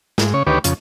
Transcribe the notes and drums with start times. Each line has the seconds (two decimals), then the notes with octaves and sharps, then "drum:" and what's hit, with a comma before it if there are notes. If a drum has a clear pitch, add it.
0.18 G#2, drum: snare
0.34 C#3 C#5
0.47 D2 D#3 G4 B4 C#5 D6
0.64 F2 C#3, drum: hi-hat